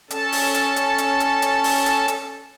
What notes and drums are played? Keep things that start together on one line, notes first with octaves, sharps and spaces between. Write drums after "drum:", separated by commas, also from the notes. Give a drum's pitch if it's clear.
C#4 A4 A5, drum: hi-hat
drum: open hi-hat
drum: hi-hat
drum: hi-hat
drum: hi-hat
drum: hi-hat
drum: hi-hat
drum: open hi-hat
drum: hi-hat
drum: hi-hat